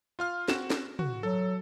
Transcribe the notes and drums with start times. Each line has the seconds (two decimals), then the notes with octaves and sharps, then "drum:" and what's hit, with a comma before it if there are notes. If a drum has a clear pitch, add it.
0.19 F4 F5 F6
0.48 C4 F#4 E7, drum: snare
0.70 drum: snare
0.99 F#4, drum: tom
1.23 F#3 A4